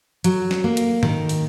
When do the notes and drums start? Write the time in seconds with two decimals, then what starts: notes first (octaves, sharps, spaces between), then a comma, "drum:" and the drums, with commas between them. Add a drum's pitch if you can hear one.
0.24 F#3, drum: hi-hat
0.51 drum: snare
0.64 A#3
0.77 drum: hi-hat
1.03 D#3, drum: tom G#2
1.29 drum: open hi-hat